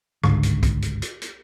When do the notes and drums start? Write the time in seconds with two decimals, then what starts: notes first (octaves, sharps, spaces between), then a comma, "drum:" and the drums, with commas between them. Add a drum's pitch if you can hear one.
0.24 G1 C#2 G#2 D3, drum: rim click
0.43 drum: hi-hat
0.63 drum: kick B1, hi-hat
0.82 drum: hi-hat
1.02 drum: hi-hat
1.22 drum: hi-hat